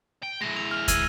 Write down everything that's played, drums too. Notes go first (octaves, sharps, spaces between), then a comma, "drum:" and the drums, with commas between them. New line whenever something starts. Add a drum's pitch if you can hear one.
G5
G#3 E4 A#6
F7
F6
E6 G#6 D#7, drum: kick, hi-hat